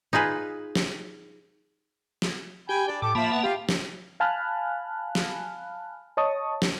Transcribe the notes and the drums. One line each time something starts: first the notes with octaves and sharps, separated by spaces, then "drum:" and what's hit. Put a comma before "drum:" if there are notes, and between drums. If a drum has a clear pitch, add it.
D#4 F4 G#4 B4
drum: snare
drum: snare
G4 G5 G#5 B5
D4 D5
A2 G4 A4 D6
F3 A#3 E5 A5 B5
B3 A5
F4 G4 F5
drum: snare
F5 G#5 A5 B5 F6 F#6
drum: snare
C#5 D#5 A5 C#6 D#6
drum: snare